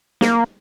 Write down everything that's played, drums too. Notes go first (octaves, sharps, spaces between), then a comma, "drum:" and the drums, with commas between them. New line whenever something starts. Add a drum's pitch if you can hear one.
A#3, drum: snare